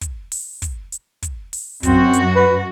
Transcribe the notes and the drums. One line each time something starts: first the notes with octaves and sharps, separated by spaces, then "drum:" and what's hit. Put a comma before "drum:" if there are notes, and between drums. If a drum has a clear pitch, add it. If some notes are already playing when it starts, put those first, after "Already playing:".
drum: kick, hi-hat
drum: open hi-hat
drum: kick, hi-hat
drum: hi-hat
drum: kick, hi-hat
drum: open hi-hat
F#2 C4 F#4, drum: kick, hi-hat
drum: hi-hat
B4